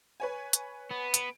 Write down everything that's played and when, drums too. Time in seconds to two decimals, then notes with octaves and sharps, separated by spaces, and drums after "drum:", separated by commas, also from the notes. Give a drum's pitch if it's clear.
0.20 B4 C#5 G#5
0.53 drum: hi-hat
0.91 B3
1.14 D7, drum: hi-hat